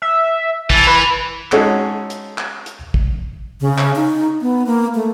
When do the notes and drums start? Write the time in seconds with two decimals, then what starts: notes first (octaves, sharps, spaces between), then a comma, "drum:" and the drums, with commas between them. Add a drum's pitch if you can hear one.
0.02 E5
0.70 E3 A5, drum: kick
0.87 B4
1.52 G#3 C#4 D#4 F#4 G#4 A4, drum: clap
2.10 drum: hi-hat
2.38 drum: clap
2.66 drum: hi-hat
2.94 drum: kick
3.61 C#3
3.78 drum: clap
3.96 D#4
4.41 B3
4.66 A#3
4.95 A3